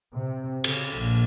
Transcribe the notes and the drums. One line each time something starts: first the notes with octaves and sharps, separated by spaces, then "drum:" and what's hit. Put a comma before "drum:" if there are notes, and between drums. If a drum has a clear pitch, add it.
C3
C#3, drum: cymbal
A#1